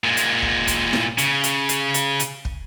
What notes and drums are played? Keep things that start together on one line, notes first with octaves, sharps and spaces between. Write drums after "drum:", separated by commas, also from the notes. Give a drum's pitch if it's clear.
A#2 G#3
drum: hi-hat
drum: kick
drum: kick, hi-hat
drum: snare E4
C#3, drum: hi-hat
drum: hi-hat
drum: hi-hat
drum: hi-hat
drum: hi-hat
drum: kick